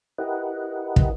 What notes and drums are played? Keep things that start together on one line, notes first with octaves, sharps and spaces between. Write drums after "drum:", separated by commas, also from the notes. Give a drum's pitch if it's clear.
E4 G4 A#4 B4 D#5 F#5
drum: kick